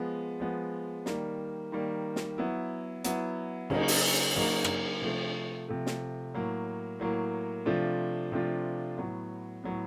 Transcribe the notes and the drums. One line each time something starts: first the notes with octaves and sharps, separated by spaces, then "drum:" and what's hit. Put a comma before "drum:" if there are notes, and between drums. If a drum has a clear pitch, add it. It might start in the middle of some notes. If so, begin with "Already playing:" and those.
Already playing: F3 G#3 B3
F3 G#3 B3
D#3 G3 A#3, drum: snare
D#3 G3 A#3
drum: snare
F#3 B3 E4
F#3 B3 E4, drum: hi-hat
C#3 F#3 A#3 D#4, drum: cymbal
drum: open hi-hat
C#3 F#3 A#3 D#4
drum: rim click
C3 F3 A3
C3 F3 A3
drum: snare
A2 F#3 A#3
A2 F#3 A#3
C3 F3 A3 D4 F4
C3 F3 A3 D4 F4
A2 F#3 B3
A2 F#3 B3